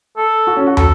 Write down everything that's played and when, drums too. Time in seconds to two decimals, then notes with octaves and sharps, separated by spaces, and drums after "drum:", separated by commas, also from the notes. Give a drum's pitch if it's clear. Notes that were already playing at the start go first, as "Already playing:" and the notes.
0.17 A4
0.47 F#4
0.57 C#4
0.67 F#4
0.77 A4, drum: tom